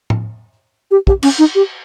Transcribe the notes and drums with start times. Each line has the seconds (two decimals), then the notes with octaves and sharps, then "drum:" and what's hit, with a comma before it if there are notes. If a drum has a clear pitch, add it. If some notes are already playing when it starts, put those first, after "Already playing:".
0.10 drum: tom A2
0.91 G4
1.07 G4, drum: kick
1.23 C#4, drum: cymbal
1.39 D#4
1.55 G4